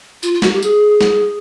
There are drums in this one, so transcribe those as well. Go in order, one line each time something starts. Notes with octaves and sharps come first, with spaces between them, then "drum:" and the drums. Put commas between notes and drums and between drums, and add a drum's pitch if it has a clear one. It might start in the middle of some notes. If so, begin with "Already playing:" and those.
F4, drum: tambourine
F4
F#4, drum: snare
G4
G#4, drum: tambourine
drum: snare